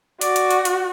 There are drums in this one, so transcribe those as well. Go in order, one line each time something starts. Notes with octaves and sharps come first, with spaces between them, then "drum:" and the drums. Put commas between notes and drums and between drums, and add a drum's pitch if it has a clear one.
F#4 D5, drum: hi-hat
drum: hi-hat
drum: hi-hat
drum: hi-hat